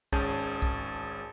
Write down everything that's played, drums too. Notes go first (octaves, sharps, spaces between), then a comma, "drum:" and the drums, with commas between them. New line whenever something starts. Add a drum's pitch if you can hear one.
G#1 C#4 G#4 A5 G6, drum: kick
drum: kick